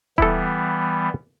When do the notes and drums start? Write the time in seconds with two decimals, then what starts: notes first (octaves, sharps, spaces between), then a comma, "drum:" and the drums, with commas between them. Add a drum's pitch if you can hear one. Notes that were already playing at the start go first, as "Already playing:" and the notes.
0.18 E3 G3 B3 E4 A4, drum: kick D#1